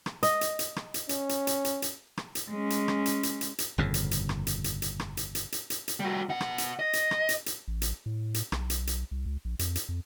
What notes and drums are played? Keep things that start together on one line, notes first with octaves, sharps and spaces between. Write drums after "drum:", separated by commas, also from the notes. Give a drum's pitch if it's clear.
drum: rim click
D#5, drum: hi-hat
drum: hi-hat
drum: hi-hat
drum: rim click
drum: hi-hat
C#4, drum: hi-hat
drum: hi-hat
drum: hi-hat
drum: hi-hat
drum: hi-hat
drum: rim click
drum: hi-hat
G#3 C#4
drum: hi-hat
drum: rim click
drum: hi-hat
drum: hi-hat
drum: hi-hat
drum: hi-hat
G1 F2 A#2 C#3
drum: hi-hat
drum: hi-hat
drum: rim click
drum: hi-hat
drum: hi-hat
drum: hi-hat
drum: rim click
drum: hi-hat
drum: hi-hat
drum: hi-hat
drum: hi-hat
drum: hi-hat
G3 F#4
B2 F#5
drum: rim click
drum: hi-hat
D#5
drum: hi-hat
drum: rim click
drum: hi-hat
drum: hi-hat
A1
drum: hi-hat
A2
drum: hi-hat
B1, drum: rim click
drum: hi-hat
drum: hi-hat
C2
C#2
A#1
F2, drum: hi-hat
drum: hi-hat
F2